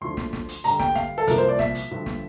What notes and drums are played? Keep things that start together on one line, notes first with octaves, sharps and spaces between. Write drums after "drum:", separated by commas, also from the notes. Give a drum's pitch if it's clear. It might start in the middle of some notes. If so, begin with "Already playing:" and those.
D2 D3 F3 C6
drum: snare
drum: snare
drum: hi-hat
G2 D3 G3 A#5, drum: hi-hat
G5, drum: snare
F5, drum: snare
A4
C2 A#2 F3 A#4, drum: hi-hat
C5
D5
E5, drum: snare
drum: hi-hat
G2 D3 F3
drum: snare